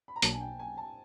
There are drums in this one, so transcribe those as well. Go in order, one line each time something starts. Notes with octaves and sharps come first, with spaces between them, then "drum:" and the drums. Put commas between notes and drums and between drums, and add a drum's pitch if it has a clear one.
B5
A#5
B1 B2 F#3 A#3 D4 A5, drum: hi-hat
G#5
G5
G#5
A5